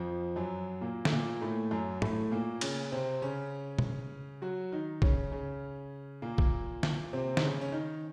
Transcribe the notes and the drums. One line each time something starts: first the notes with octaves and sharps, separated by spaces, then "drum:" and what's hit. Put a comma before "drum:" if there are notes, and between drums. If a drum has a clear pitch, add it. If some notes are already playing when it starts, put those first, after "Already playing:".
Already playing: F2 F3
F#2 F#3
A#2 A#3
A3, drum: snare
A#2 A#3
A2 A3
F#2 F#3
A2 A3, drum: tom
A#2 A#3
C#3 C#4, drum: cymbal
C3 C4
C#3 C#4
drum: tom
F#3 F#4
D#3 D#4
C#3 C#4, drum: kick
C#3 C#4
A#2 A#3
drum: kick
drum: snare
C3 C4
D#4, drum: snare
C#3 C#4
C#4
D#3 D#4